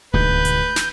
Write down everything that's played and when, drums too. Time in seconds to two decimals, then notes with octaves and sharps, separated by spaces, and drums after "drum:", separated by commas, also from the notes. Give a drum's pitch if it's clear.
0.14 D2 G#2 B2 B4 G6, drum: kick D1
0.45 drum: hi-hat
0.76 drum: snare